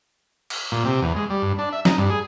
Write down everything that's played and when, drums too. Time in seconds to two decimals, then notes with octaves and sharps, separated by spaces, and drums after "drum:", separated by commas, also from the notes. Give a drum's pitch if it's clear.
0.50 drum: cymbal
0.72 A#2
0.85 C3
1.02 E2
1.16 G#3
1.30 G3
1.42 G2
1.59 D4
1.73 E5
1.85 D#4, drum: snare
1.98 G2
2.10 G#4